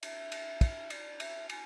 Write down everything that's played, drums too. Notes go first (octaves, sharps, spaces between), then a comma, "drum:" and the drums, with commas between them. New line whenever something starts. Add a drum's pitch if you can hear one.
E5, drum: cymbal
drum: cymbal
drum: kick, cymbal
D5, drum: cymbal
E5, drum: cymbal
G#5, drum: cymbal